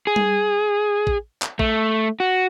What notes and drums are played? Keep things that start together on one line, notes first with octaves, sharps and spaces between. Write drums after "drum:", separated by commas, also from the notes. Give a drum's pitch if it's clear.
G#4
drum: tom G3
drum: kick A1
drum: clap
A3, drum: kick A1
F#4